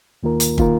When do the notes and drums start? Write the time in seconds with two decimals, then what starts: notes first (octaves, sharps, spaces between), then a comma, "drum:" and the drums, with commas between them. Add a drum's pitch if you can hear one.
0.23 D#2 D#3 A#3 F4 A#4
0.40 drum: hi-hat
0.58 D#3 A#3 F4 A#4, drum: kick